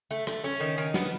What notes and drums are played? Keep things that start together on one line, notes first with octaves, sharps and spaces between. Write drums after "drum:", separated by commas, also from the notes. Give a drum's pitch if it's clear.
A3
A3, drum: rim click
C#4
D#3
D#3
B3, drum: snare